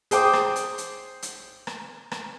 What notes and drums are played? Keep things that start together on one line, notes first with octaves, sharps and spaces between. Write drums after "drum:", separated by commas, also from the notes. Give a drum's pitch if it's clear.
G#4 C5 G5 D6 D#6, drum: hi-hat
drum: rim click
drum: hi-hat
drum: hi-hat
drum: hi-hat
drum: rim click
drum: rim click